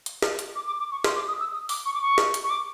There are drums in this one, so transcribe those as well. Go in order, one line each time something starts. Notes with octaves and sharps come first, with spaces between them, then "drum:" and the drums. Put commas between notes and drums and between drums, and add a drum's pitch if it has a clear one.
drum: hi-hat
drum: snare
drum: hi-hat
D6
D6
D6
C#6
C6, drum: snare
D6
D#6
E6
D#6
D6, drum: open hi-hat
C#6
D6
C#6
drum: snare
drum: hi-hat
C#6
D6